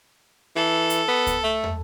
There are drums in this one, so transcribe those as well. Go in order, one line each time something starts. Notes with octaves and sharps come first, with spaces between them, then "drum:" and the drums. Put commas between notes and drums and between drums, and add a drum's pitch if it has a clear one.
E3 A4
drum: hi-hat
B3
drum: kick C#2, hi-hat
A3
drum: tom